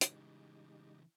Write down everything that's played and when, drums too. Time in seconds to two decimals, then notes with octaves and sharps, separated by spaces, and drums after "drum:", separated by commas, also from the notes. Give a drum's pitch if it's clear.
0.01 C#3 E3 G#3 D#4 G4, drum: hi-hat